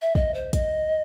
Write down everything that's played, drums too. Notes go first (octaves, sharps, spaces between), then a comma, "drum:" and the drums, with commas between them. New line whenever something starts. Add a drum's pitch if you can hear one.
E5
D#5, drum: kick
C5
D#5, drum: kick, hi-hat